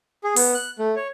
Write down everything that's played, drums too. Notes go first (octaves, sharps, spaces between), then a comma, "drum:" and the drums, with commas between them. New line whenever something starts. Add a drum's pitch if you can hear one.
G#4
B3, drum: open hi-hat
F#6
A3
C#5